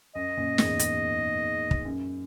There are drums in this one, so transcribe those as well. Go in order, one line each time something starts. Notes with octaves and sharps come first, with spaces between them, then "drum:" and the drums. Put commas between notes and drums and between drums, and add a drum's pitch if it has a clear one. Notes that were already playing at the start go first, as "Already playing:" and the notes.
F#2 D#5
F#2 A#2
E2 G#2, drum: snare
F#2, drum: hi-hat
drum: kick
F#2